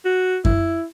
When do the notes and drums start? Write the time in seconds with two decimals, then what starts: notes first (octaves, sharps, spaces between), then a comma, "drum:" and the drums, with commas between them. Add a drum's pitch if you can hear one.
0.05 F#4
0.45 E4, drum: kick F#2